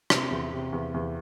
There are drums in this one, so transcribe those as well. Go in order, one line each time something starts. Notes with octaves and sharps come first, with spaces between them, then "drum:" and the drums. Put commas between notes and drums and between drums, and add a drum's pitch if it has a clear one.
C3, drum: rim click
E2
C3
E2
E2